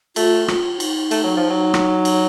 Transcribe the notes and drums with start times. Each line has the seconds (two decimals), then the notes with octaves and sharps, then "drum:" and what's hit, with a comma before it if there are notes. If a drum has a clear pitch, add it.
0.16 A3 F4, drum: cymbal
0.48 F4, drum: rim click
0.80 D#4, drum: cymbal
1.11 A3, drum: cymbal
1.24 F#3
1.37 F3
1.50 F#3
1.74 drum: rim click
2.05 drum: cymbal